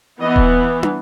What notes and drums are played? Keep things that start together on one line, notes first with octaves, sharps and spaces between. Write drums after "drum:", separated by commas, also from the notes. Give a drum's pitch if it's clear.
E3 B3 D#5
drum: kick D#1
drum: tom